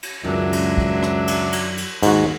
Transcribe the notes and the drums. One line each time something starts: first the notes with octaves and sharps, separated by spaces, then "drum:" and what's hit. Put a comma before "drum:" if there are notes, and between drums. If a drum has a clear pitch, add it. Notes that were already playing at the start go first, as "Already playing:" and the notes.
drum: cymbal
C#2 F#2 D#3 F#3 D4 E5
drum: cymbal
drum: kick
drum: rim click
drum: cymbal
drum: cymbal
drum: cymbal
D#2 G#2 F#4, drum: cymbal